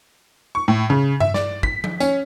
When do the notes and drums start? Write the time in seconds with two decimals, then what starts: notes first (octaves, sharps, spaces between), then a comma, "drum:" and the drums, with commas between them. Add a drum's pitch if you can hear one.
0.55 C#6
0.68 A2
0.90 C#3
1.20 E5, drum: tom G2
1.34 D5, drum: snare
1.63 B6, drum: kick
1.84 drum: tom F3
2.00 C#4, drum: tambourine